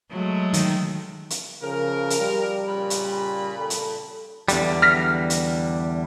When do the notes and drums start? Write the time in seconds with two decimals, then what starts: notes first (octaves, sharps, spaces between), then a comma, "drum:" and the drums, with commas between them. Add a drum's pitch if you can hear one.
0.11 F#3 G#3 A3
0.54 D#3, drum: hi-hat
1.30 drum: hi-hat
1.63 C#3 F3 A#4
2.10 drum: hi-hat
2.20 G3
2.68 A#2 C#3 B5
2.90 drum: hi-hat
3.59 A4
3.70 drum: hi-hat
4.48 E2 D3 G3, drum: hi-hat
4.82 F6 A#6 B6
5.30 drum: hi-hat